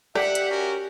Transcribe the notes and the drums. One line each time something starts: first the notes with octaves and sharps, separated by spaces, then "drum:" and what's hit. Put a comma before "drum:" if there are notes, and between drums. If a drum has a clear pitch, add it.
G4 D5 E5 F#5 B6, drum: rim click
drum: hi-hat
C#4 F#4 A#4